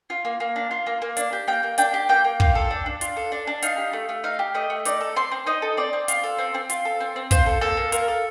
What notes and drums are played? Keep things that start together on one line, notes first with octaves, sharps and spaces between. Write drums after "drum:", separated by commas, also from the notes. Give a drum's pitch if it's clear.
F4
A#3
A#3
D4
F4
A#3
A#3
D4, drum: hi-hat
G4
A#3 G5
A#3
D4 G5, drum: hi-hat
G4
A#3 G5
A#3
F4, drum: kick
A4
D4
D4
F4, drum: hi-hat
A4
D4
D4
D#4 F5, drum: hi-hat
G4
A3
A3
D#4 F5
G4
A3 D#5
A3
D#4 D5, drum: hi-hat
A4
C4 C6
C4
D#4 D#5
A4
C4 D5
C4
F4, drum: hi-hat
A4
C4
C4
F4, drum: hi-hat
A4
C4
C4
F4 C5, drum: kick, hi-hat
A4
A#3 A4
A#3
F4 A#4, drum: hi-hat
A4